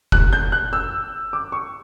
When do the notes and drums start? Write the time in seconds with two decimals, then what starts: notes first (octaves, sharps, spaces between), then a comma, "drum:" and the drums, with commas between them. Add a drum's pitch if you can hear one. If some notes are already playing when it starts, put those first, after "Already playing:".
0.12 F#6, drum: kick F1
0.33 G6
0.52 F#6
0.73 E6
1.33 D6
1.52 C#6